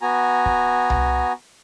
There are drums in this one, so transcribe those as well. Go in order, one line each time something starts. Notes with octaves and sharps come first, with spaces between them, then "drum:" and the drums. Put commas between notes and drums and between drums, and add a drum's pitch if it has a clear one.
B3 F#4 G#5 A#5
drum: kick
drum: tom C2